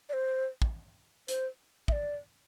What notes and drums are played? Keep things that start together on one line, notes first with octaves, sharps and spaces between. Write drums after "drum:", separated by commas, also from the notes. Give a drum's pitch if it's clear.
D5
C5
drum: kick
C5, drum: hi-hat
E5, drum: kick
D5